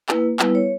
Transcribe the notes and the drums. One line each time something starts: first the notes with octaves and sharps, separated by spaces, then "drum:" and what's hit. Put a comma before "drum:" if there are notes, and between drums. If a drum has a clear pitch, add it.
A#3 E4 B4, drum: clap
G3 B3 E4 B4, drum: clap
C#5